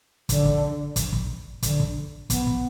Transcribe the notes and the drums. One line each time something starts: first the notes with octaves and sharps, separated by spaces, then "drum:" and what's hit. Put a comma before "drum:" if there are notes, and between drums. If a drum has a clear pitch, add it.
D3, drum: kick, hi-hat
drum: kick
drum: kick, hi-hat
drum: kick
D3, drum: kick, hi-hat
drum: kick
B3, drum: kick, hi-hat
drum: kick